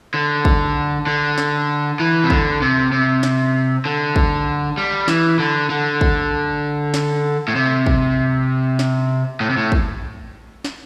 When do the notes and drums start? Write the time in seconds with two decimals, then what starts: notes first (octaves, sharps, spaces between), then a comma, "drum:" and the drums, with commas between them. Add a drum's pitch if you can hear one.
0.14 D3
0.45 drum: kick
1.07 D3
1.38 drum: snare
2.00 E3
2.24 C3
2.30 D3, drum: kick
2.62 C3
2.92 C3
3.23 drum: snare
3.85 D3
4.16 drum: kick
4.78 G3
5.08 E3, drum: snare
5.39 D3
5.70 D3
6.01 drum: kick
6.94 drum: snare
7.48 A2
7.55 C3
7.86 drum: kick
8.79 drum: snare
9.40 A2
9.50 C3
9.57 A2
9.72 drum: kick
10.64 drum: snare